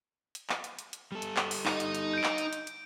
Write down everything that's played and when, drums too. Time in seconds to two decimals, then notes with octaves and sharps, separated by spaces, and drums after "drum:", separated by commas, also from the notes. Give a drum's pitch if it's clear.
0.35 drum: hi-hat
0.50 drum: clap
0.64 drum: hi-hat
0.79 drum: hi-hat
0.93 drum: hi-hat
1.12 G3 A4
1.22 drum: hi-hat
1.37 drum: clap
1.51 drum: open hi-hat
1.66 D#4 D#5, drum: clap
1.80 drum: hi-hat
1.95 drum: hi-hat
2.13 G6 D7
2.24 drum: clap
2.38 drum: hi-hat
2.53 drum: hi-hat
2.67 drum: hi-hat